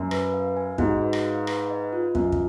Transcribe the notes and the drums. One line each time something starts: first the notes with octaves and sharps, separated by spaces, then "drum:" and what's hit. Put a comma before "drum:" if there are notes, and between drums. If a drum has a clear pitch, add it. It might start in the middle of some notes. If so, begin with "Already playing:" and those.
Already playing: F#2
B4, drum: rim click
F5
G#5
G#2 F#4, drum: kick
B4
drum: rim click
F5
B4, drum: rim click
D#5
F4
F#2 F4, drum: kick
drum: kick